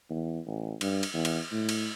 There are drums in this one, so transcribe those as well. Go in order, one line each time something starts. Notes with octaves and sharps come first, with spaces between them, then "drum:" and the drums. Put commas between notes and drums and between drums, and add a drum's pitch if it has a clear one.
E2
A1
G2, drum: cymbal
drum: cymbal
E2
drum: cymbal
A2
drum: cymbal